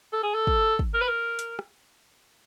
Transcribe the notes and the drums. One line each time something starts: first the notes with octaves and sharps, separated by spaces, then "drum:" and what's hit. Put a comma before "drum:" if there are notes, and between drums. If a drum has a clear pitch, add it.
A4
G#4
A4
drum: kick
drum: kick
A#4
B4
A#4
drum: hi-hat
drum: rim click